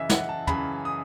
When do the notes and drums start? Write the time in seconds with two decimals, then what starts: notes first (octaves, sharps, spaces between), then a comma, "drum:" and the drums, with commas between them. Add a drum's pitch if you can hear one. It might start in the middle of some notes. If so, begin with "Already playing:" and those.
Already playing: F#2 C#3 E3 D#5 E5
0.09 F#5, drum: snare
0.29 A5
0.47 F#2 C#3 E3 B5, drum: tom
0.85 D#6